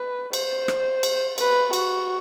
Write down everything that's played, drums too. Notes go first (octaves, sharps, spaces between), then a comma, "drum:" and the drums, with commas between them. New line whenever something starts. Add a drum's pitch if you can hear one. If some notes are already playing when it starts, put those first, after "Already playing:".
Already playing: B4
C5, drum: cymbal
drum: rim click
drum: cymbal
B4, drum: cymbal
F#4, drum: cymbal